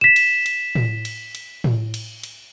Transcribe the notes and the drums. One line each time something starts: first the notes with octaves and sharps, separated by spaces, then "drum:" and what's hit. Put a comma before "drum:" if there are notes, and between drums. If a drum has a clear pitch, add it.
B6 E7
drum: cymbal
drum: cymbal
drum: tom A2
drum: cymbal
drum: cymbal
drum: tom A2
drum: cymbal
drum: cymbal